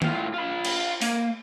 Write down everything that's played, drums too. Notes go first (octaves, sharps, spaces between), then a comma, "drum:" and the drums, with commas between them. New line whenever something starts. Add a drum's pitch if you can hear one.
A2 F4, drum: tom
F4 B5
drum: cymbal
A#3, drum: open hi-hat